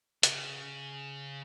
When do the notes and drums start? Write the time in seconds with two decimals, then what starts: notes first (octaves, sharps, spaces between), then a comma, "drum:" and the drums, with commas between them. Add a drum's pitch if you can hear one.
0.23 C#3, drum: hi-hat